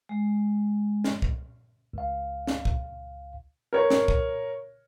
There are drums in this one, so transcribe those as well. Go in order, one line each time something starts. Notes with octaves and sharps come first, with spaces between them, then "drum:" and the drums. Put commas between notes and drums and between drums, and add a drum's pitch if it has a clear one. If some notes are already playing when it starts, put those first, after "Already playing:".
G#3
drum: snare
drum: kick
C#2 F5
drum: snare
drum: kick
A#4 C#5
drum: snare
drum: kick